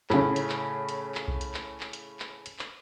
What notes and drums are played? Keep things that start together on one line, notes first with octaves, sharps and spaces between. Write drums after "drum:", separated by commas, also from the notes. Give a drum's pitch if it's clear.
A2 C#3, drum: clap
drum: hi-hat
drum: clap
drum: hi-hat
drum: clap
drum: kick B1
drum: hi-hat
drum: clap
drum: clap
drum: hi-hat
drum: clap
drum: hi-hat
drum: clap